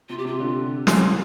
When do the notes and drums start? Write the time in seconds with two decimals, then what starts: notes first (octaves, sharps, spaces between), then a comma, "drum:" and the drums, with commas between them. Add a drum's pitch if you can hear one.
0.09 C3 F4
0.18 G4
0.25 C3 F4
0.40 D3
0.87 drum: snare
1.02 G3 F4